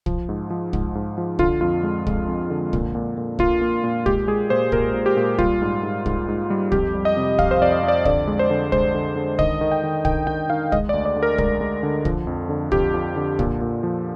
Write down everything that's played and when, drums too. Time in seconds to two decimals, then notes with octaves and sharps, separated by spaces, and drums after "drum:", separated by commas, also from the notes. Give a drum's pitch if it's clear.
0.06 F3, drum: kick
0.29 G#2
0.50 F3
0.73 G#2, drum: kick
0.95 G#2
1.18 F3
1.39 D3 F4, drum: kick
1.61 F2 F4
1.83 G#3
2.07 G#3, drum: kick
2.28 F2
2.50 D3
2.73 A#2, drum: kick
2.95 A#2
3.17 A#2
3.39 A#3 F4, drum: kick
3.61 A#3
3.84 A#2
4.06 G#3 G4, drum: kick
4.27 G#3 G#4
4.50 A#2 C5
4.72 A#2 A#4, drum: kick
4.94 A#2
5.06 G4
5.17 A#2
5.38 G3 F4, drum: kick
5.62 G#2
5.83 G#2
6.06 G#2, drum: kick
6.28 G#2
6.50 G3
6.72 F2 G4, drum: kick
6.95 G3
7.05 D#5
7.17 C3
7.39 F2 F5, drum: kick
7.51 C5
7.61 F2 D5
7.72 D#5
7.83 F2
7.88 D5
8.05 D3 D5, drum: kick
8.27 G#3
8.39 C5
8.50 D3
8.72 G#3 C5, drum: kick
8.95 D3
9.16 D3
9.39 D#3 D#5, drum: kick
9.61 D#3
9.71 G5
9.83 D#3
10.05 D#3 G5, drum: kick
10.27 D#3 G5
10.50 D#3 F5
10.72 G#3 D#5, drum: kick
10.89 D5
10.94 D2
11.06 D5
11.16 D3
11.23 A#4
11.38 G#3 A#4, drum: kick
11.61 G#3
11.83 D3
12.05 F3, drum: kick
12.27 F2
12.49 D3
12.72 F2 G4, drum: kick
12.94 F3
13.16 D3
13.39 A#2, drum: kick
13.61 A#2
13.83 F3